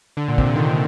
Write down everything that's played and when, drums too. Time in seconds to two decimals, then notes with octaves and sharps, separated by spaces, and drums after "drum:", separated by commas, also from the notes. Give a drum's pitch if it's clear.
0.17 D3
0.28 A#2
0.38 C3, drum: kick
0.46 D3
0.56 D#3